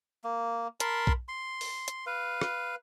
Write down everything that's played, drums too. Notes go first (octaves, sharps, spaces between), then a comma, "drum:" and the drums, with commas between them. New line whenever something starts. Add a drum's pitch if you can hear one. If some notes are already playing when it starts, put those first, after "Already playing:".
A#3
A#4 A5 B5 C6, drum: hi-hat
drum: kick
C6
drum: open hi-hat
drum: hi-hat
B4 F5
drum: rim click